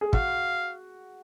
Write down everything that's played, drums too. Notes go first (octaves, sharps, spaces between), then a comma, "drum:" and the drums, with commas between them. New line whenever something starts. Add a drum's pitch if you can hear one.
G#4
F#4 F5, drum: kick